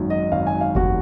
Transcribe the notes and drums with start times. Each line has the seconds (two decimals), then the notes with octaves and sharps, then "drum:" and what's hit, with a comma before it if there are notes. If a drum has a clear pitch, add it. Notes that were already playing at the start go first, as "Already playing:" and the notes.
Already playing: G#1 F#2 D#3
0.10 D#5
0.32 G#1 F#2 D#3 F5
0.47 G#5
0.61 F5
0.75 F1 D#2 D#3 F#4, drum: kick F#1